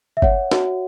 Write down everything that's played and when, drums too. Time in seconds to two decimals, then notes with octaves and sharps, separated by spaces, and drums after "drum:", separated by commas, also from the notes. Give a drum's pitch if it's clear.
0.17 E5
0.22 C#5 F#5, drum: kick G1
0.52 F#4, drum: snare